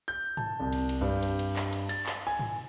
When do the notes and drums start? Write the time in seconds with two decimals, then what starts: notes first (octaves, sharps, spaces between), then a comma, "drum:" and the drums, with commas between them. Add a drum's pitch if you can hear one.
0.08 G6
0.37 A5, drum: tom G#2
0.60 C2
0.72 drum: cymbal
0.89 drum: cymbal
1.01 G2
1.23 drum: cymbal
1.39 drum: cymbal
1.56 drum: clap
1.73 drum: cymbal
1.89 A6, drum: cymbal
2.06 drum: clap
2.27 G#5
2.39 drum: tom G#2